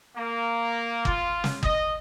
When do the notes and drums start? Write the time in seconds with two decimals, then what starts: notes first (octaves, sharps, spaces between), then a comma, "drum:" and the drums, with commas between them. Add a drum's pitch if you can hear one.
0.16 A#3
1.05 F4, drum: kick G1
1.44 drum: snare
1.63 D#5, drum: kick G1